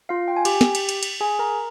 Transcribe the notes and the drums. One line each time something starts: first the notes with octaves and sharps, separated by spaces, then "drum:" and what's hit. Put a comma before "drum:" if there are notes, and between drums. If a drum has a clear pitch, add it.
F4 F5
G5
G#5
G4 G5, drum: cymbal
drum: snare
drum: cymbal
drum: cymbal
drum: cymbal
G#4 G#5
A#4 A#5